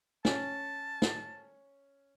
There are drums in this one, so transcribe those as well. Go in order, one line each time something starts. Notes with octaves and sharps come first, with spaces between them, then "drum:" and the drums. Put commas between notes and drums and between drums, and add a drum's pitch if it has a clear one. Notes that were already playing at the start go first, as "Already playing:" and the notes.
C#4 A5, drum: snare
drum: snare